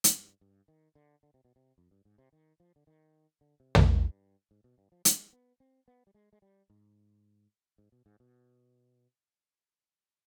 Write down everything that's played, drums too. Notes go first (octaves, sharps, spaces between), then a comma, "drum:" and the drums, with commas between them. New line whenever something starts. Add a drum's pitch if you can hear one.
drum: hi-hat
G2
G2
D#3
D3
D3
C3
B2
C3
F2
G2
G#2
C3
D#3
F3
D3
D#3
D3
C3
drum: tom
G2
G#2
B2
G2
F3
G#3, drum: hi-hat
B3
C4
B3
G3
G#3
G#3
G3
G#2
G#2
B2
G#2
B2